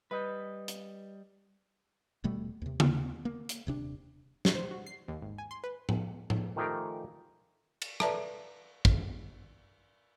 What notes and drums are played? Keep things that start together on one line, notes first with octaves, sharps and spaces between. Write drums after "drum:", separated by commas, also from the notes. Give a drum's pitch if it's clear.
G3 B4 D#5
drum: hi-hat
D#1 B2 G3 A3
D#2 C3
drum: tom C#3
A#3
drum: hi-hat
D#1 C3 D4
drum: snare
C5
F#4
C7
D#2
G#1
G#5
C6
B4
drum: tom A2
drum: tom A2
D#3 F3 A3 G4 G#4 A#4
drum: cymbal
A4 B4 D5 E5 A5 A#5, drum: rim click
drum: kick